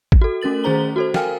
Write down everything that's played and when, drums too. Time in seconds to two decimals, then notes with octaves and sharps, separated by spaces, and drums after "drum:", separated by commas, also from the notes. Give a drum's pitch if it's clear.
0.12 drum: kick
0.21 F#4 A4
0.41 A3 C#4 A#4 A6 F#7
0.64 D#3 C#4 G#4 C5 A#5 G7
0.96 F#4 A4 C5
1.14 A#4 F5 G5 G#5 F6, drum: snare